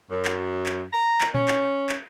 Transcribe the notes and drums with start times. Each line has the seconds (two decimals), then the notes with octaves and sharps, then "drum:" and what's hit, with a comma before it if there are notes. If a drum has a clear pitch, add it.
0.11 F#2
0.25 drum: clap
0.66 drum: clap
0.93 A#5
1.21 drum: clap
1.34 C#4, drum: tom A#2
1.48 drum: clap
1.89 drum: clap